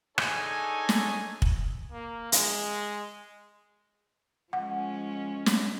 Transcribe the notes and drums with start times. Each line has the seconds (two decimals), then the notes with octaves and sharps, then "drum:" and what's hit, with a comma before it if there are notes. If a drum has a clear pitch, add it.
0.18 D4 D#4 G#4 A4 C#5 G#5, drum: rim click
0.89 drum: snare
1.42 drum: kick
1.92 A#3
2.32 G#3, drum: hi-hat
4.53 F3 G#3 C#4 F#5
5.46 drum: snare